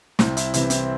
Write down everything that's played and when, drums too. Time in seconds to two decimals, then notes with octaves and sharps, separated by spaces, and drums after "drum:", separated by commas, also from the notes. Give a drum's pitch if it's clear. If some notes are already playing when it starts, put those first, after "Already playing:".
0.19 C2 C4, drum: snare
0.37 E4, drum: hi-hat
0.54 C3 E3 C4 E4, drum: hi-hat
0.70 C4, drum: hi-hat